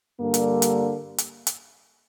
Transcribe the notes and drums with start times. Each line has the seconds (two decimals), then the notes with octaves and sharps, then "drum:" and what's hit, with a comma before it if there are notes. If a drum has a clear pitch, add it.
0.19 G2 D3 G3 A#3
0.34 drum: hi-hat
0.62 drum: hi-hat
1.18 drum: hi-hat
1.47 drum: hi-hat